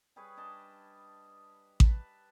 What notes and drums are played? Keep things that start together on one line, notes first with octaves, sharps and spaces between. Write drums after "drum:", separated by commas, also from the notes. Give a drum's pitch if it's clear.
G3 G#4 B4 C#5
D4 D#5 A5
B4 A5, drum: kick A1